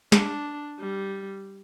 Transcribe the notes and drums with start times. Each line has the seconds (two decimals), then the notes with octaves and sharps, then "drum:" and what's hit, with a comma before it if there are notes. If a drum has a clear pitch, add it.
0.12 D4, drum: snare
0.80 G3